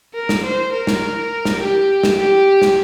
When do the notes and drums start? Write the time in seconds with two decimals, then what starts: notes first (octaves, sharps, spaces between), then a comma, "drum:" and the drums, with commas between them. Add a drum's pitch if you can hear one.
0.15 A#4
0.29 drum: snare
0.44 C5
0.73 A#4
0.87 drum: snare
1.45 drum: snare
1.60 G4
2.03 drum: snare
2.18 G4
2.62 drum: snare